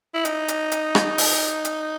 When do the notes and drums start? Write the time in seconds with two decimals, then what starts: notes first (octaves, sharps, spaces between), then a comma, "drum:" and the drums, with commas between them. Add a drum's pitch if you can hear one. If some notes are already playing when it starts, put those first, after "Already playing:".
0.14 E4
0.25 D#4, drum: hi-hat
0.48 drum: hi-hat
0.72 drum: hi-hat
0.95 drum: rim click
1.18 drum: open hi-hat
1.65 drum: hi-hat